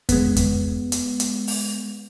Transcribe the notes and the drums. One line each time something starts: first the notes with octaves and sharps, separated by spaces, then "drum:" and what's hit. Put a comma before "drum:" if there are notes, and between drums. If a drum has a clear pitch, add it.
G#3 B3, drum: kick F2, hi-hat
drum: kick F2, hi-hat
drum: hi-hat
drum: hi-hat
drum: open hi-hat